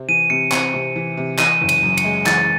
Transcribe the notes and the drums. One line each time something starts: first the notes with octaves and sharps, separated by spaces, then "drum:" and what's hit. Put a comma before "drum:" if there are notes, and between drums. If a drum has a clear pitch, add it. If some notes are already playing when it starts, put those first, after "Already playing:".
Already playing: C3 C4
E3 D#7
C3 C#7
C4 C#7, drum: clap
C3
E3
C3
E3 D#7, drum: clap
F#1
D#7, drum: cymbal
F#2
C#7, drum: cymbal
G#3
E3 A6, drum: clap